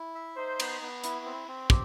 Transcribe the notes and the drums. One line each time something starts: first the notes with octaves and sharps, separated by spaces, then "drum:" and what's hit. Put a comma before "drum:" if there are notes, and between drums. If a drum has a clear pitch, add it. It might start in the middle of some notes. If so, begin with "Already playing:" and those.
Already playing: E4
E5
D#4 C5
B3, drum: cymbal
B3
E4, drum: hi-hat
C4
C4
G4, drum: kick